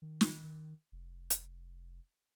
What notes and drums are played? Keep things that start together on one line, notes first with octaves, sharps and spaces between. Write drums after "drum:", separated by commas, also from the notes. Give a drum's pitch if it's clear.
D#3
drum: snare
D#3
F1
drum: hi-hat